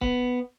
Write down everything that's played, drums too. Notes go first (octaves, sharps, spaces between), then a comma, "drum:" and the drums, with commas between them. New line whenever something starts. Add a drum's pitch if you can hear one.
B3, drum: kick C#1